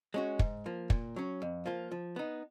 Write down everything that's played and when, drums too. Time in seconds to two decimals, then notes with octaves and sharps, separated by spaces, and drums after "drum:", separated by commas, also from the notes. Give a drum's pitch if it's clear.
0.14 G#3 C#4 F#4
0.39 G#2, drum: kick
0.66 F3 A#3
0.90 A#2, drum: kick
1.16 F#3 C#4
1.42 F2
1.66 F3 A#3 F4
1.92 F3
2.16 B3 D#4